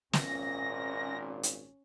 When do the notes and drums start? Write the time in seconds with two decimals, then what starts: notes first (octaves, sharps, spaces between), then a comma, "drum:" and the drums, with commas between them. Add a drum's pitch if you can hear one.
0.13 G#1 A#2 C#4 A#6, drum: snare
1.43 drum: hi-hat